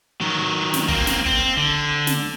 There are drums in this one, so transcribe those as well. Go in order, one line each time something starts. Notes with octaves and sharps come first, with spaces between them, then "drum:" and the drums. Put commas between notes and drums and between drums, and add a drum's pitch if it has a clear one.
D#3 F#3
drum: snare
A#3 C4, drum: kick
drum: snare
C4, drum: kick
D3
drum: snare